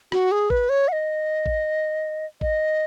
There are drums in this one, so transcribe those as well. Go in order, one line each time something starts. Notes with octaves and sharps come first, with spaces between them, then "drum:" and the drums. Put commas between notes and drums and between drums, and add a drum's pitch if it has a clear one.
F#4, drum: rim click
G#4
B4, drum: kick A1
C#5
F#5
D#5
drum: kick A1
D#5, drum: kick A1